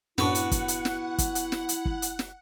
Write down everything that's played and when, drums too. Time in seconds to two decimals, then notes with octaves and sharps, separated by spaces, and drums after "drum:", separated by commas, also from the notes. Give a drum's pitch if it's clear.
0.18 F#2 A2 B3 D4 E4 F#4 F#5, drum: snare
0.35 drum: hi-hat
0.51 drum: kick F#1, hi-hat
0.68 drum: hi-hat
0.85 drum: snare
1.18 drum: kick F#1, hi-hat
1.35 drum: hi-hat
1.52 drum: snare
1.69 drum: hi-hat
1.85 drum: kick F#1
2.02 drum: hi-hat
2.19 drum: snare